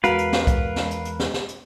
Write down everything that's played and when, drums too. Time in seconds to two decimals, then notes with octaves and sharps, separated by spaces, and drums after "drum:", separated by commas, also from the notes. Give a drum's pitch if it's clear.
0.04 E2 G#3 F#4 A#4 B4 F5, drum: hi-hat
0.18 drum: hi-hat
0.33 drum: snare
0.47 drum: kick C2, hi-hat
0.76 drum: snare
0.91 drum: hi-hat
1.05 drum: hi-hat
1.20 drum: snare
1.34 drum: snare
1.49 drum: hi-hat